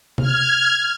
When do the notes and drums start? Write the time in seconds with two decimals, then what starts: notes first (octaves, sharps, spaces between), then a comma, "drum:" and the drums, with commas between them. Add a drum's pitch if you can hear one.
0.18 F6 G#6, drum: tom C3